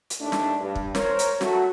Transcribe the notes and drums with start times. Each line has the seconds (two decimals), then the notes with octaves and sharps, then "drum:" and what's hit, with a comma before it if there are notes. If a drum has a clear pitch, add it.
0.10 drum: hi-hat
0.21 D#2 D#3 A3 D4
0.32 drum: snare
0.59 G2
0.75 drum: kick
0.95 A#4 C5 C#5, drum: snare
1.19 drum: hi-hat
1.41 F#3 A3 F#4, drum: snare